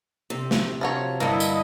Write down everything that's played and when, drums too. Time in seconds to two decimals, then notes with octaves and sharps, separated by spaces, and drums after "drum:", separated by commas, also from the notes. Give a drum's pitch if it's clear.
0.30 C3
0.51 drum: snare
0.81 F3 F#3 C#5
1.20 G2 D3 A#3 E4 D#5
1.40 drum: tambourine